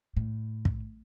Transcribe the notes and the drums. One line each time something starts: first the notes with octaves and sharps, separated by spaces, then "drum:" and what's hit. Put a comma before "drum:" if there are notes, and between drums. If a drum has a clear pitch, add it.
A2
drum: kick